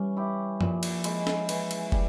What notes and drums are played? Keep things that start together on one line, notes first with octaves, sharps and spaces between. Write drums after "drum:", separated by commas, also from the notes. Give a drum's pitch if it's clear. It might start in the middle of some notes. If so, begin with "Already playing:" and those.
Already playing: E3 G3 C#4
E4 G4
A#2 F3, drum: tom F#2
drum: cymbal
G#3 E4, drum: cymbal
drum: snare
E3, drum: cymbal
drum: cymbal
G3, drum: kick